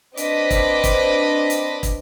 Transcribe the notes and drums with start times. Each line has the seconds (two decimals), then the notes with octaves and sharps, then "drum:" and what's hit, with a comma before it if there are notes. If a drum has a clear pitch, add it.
0.17 C4 D4 B4 D#5 D6 B6, drum: hi-hat
0.50 drum: kick, hi-hat
0.84 drum: kick, hi-hat
1.50 drum: hi-hat
1.83 drum: kick, hi-hat